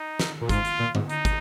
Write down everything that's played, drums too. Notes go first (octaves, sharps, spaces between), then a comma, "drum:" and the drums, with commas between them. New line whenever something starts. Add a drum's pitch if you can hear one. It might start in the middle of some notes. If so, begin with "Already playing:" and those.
Already playing: D#4
drum: snare
A#2
G#2 F4, drum: kick, hi-hat
drum: hi-hat
A#2
G#2, drum: tom D3
D#4, drum: hi-hat
drum: kick, hi-hat